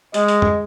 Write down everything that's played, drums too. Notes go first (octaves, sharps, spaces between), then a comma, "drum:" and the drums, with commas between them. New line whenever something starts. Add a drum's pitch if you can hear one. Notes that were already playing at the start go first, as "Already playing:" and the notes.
G#3 D#5, drum: hi-hat
drum: hi-hat
drum: tom F2